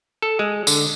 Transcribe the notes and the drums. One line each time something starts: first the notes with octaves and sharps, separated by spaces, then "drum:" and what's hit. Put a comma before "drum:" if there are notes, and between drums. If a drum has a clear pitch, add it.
A4
G#3
D3, drum: tambourine